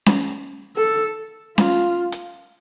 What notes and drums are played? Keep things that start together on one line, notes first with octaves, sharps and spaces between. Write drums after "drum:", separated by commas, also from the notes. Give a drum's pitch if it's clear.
drum: snare C#4
A4
F4, drum: snare C#4
drum: hi-hat